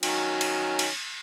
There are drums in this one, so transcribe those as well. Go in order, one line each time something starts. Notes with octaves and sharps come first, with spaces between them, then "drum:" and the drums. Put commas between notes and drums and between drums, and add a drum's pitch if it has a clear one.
D#3 F#3 C#4, drum: cymbal
drum: cymbal
drum: cymbal